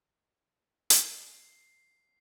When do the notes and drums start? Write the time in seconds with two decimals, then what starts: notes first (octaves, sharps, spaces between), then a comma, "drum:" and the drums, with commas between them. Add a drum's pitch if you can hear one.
0.90 C7, drum: hi-hat